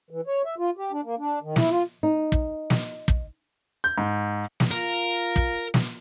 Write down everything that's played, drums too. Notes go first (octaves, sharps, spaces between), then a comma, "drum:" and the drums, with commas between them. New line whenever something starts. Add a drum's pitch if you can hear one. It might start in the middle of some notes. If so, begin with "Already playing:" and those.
E3
C#5
E5
F4
G4
D4
A#3
D4
D#3
E4, drum: snare
F4
D#4
drum: kick
drum: snare
drum: kick
G6
G#2
drum: snare
F4 A#4
drum: kick
drum: snare